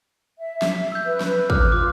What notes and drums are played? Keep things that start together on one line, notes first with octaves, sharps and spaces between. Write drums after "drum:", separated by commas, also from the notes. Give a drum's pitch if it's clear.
E5
drum: snare
E6 G6
B4
drum: snare
D6 F6 F#6, drum: kick
F4 D6